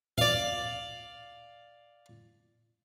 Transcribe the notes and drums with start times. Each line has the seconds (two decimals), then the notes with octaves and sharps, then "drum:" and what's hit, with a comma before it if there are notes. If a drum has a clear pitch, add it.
0.18 D5 F5, drum: tom A#2